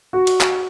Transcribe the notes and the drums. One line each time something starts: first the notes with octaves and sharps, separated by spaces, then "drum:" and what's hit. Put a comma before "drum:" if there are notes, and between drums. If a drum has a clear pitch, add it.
F#4
drum: cymbal
drum: clap